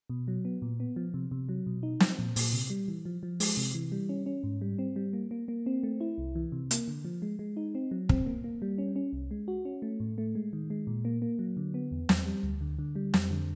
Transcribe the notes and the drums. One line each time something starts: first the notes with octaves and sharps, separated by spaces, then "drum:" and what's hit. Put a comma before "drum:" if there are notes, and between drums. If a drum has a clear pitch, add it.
B2
F#3
B3
A#2
B3
F3
C3
C3
F#3
B2
D#4
F3, drum: snare
A#2
A#2, drum: open hi-hat
C3
G3
E3
F3
F3
G#3, drum: open hi-hat
C3
E3
G3
C#4
C#4
G#2
G3
C4
G3
A#3
A#3
A#3
C4
A3
E4
C2
E3
C3
A#3, drum: hi-hat
D3
F3
G#3
G#3
D#4
C4
F#3
C4, drum: kick
A#3
A#3
G3
C#4
C#4
C2
G#3
F#4
C#4
A3
A2
A3
G#3
D#3
G#3
A#2
A#3
A#3
F#3
D3
B3
E2
E2, drum: snare
G3
D2
D3
D3
G3
F2, drum: snare
D3